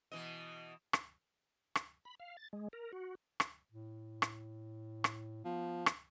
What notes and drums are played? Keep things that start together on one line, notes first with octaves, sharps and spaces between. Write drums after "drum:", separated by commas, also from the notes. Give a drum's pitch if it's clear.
B2 E3 D#5
drum: rim click
drum: rim click
B5
F5
A6
G#3
A#4
F#4
drum: rim click
A2
drum: rim click
drum: rim click
F3 B3
drum: rim click